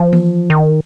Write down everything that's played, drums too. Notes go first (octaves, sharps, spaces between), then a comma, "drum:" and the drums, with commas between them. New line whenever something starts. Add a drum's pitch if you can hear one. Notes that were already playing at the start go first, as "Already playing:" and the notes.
Already playing: F3
drum: tom E3
D#3